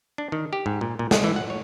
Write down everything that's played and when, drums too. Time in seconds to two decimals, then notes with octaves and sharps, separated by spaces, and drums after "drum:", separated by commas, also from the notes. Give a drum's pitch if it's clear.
0.18 D4
0.32 D#3
0.53 G4
0.66 G#2
0.81 A#2
0.99 A#2
1.11 G#4, drum: snare
1.24 E3
1.36 F#5
1.50 C#5